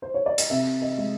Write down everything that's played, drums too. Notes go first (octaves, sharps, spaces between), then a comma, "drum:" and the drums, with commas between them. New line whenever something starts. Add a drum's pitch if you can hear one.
C5
C#5
D5
D#5, drum: hi-hat
C3 E5
D#5
G#3